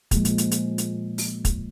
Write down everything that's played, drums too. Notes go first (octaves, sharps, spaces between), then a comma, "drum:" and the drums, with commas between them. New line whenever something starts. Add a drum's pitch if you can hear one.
A#2 F3 G#3, drum: kick, hi-hat
drum: hi-hat
drum: hi-hat
drum: hi-hat
drum: hi-hat
drum: open hi-hat
drum: kick, hi-hat